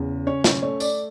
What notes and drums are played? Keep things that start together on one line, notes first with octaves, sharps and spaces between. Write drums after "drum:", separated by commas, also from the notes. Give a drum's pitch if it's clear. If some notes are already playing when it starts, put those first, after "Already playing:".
Already playing: E2 C#3
C#4 C#5
C#5, drum: snare
A3 C#5
D5, drum: tambourine